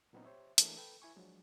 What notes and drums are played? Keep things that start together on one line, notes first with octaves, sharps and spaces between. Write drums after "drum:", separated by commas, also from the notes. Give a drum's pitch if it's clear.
A#2 F#3 B3 C4 D4 D#4
G4 C5 C#5 E5
E3 A3 A#3 D4 G#4 A#4, drum: hi-hat
A4 B4 G5
E4 G#5 C#6
F3 F#3 G#3 D4